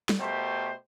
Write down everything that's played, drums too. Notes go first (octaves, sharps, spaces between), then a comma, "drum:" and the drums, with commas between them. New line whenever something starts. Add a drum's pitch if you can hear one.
drum: snare
B2 A3 G4 A#4 C5